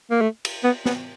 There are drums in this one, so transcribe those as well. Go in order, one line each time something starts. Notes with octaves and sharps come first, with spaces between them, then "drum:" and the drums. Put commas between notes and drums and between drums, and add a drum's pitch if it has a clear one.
A#3
A3
drum: cymbal
B3
B3, drum: snare